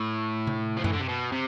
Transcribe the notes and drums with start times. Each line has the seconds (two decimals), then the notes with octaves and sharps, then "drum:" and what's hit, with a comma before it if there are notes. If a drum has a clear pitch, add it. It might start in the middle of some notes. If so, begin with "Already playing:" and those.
Already playing: A2
0.47 drum: tom C3
0.77 F3
0.84 E3, drum: tom F#2
0.92 D3
1.00 C3
1.08 B2
1.32 C3